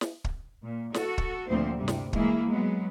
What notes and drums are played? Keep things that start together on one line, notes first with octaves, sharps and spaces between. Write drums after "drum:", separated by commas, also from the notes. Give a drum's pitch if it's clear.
drum: snare
drum: kick
A#2
F#4 A4, drum: snare
drum: kick
D2 A#2 D3 F3 C4 C5
G2 C3 G3
drum: snare
E3 G#3 A#3 E4 G#4, drum: kick
F#3 G#3 B3